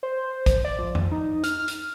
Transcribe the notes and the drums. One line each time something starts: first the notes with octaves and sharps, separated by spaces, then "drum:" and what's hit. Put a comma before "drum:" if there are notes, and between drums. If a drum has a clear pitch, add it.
C5
drum: kick, hi-hat
D5
F3
drum: tom F2
D#4
F6, drum: hi-hat
drum: hi-hat